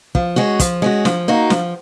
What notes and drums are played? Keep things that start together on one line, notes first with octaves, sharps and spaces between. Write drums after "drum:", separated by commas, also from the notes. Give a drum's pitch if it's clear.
F3, drum: kick
G#3 C#4 F#4
F3, drum: kick, hi-hat
G#3 C#4 F#4
F3, drum: snare
A#3 D#4 F#4
F3, drum: snare